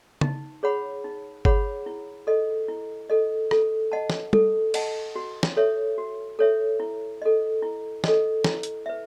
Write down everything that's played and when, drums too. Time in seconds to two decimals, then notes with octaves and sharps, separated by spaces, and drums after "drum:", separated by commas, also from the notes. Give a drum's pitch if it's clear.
0.21 D#4, drum: tom C#3
0.63 G#4 C#5 F#5 B5
1.04 D#4
1.45 G#4 C#5 F#5 B5, drum: kick G1
1.86 E4
2.27 A4 D#5
2.68 E4
3.10 A4 D#5
3.51 A4, drum: rim click
3.92 D#5 F#5 A5
4.10 drum: snare
4.33 A4, drum: tom
4.74 D#5 F#5 A5, drum: cymbal
5.16 F#4
5.43 drum: snare
5.56 A4 C#5 E5
5.98 F#4
6.39 A4 C#5 E5
6.80 E4
7.22 A4 D#5
7.63 E4
8.04 A4 D#5, drum: snare
8.44 E4, drum: snare
8.63 drum: hi-hat
8.86 B4 E5